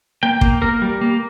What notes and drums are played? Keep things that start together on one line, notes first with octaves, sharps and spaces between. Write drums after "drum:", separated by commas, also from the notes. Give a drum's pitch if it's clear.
A#3 G5
A#3, drum: kick
A#3 A#4
G3
A#3